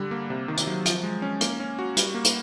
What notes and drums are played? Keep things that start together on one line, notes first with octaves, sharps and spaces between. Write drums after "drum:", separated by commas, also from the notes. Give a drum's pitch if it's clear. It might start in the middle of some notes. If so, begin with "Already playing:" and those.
Already playing: D3 G3
A#3
C3
D#3
drum: hi-hat
F#3
F3, drum: hi-hat
G#3
C#4
A#3, drum: hi-hat
C#4
F#4
G3, drum: hi-hat
A#3
drum: hi-hat